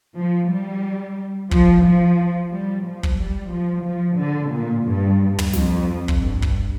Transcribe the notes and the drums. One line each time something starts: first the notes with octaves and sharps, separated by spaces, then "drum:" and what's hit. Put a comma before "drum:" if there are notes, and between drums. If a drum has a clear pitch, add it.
F3
G3
F3, drum: kick
F3
G3
F3
drum: kick
G3
F3
F3
D3
A#2
G2
drum: tom
F2, drum: snare
drum: kick
G2
drum: kick